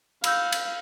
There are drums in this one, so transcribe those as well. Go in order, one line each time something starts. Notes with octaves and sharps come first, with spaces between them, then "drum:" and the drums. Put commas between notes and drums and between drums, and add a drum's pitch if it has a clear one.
F5 B5 E6 G6, drum: cymbal
drum: cymbal